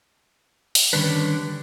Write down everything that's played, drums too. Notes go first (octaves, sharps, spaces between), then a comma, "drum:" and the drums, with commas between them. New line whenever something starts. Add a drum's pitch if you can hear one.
drum: open hi-hat
D3 D#3 G3 C#4 D4 B4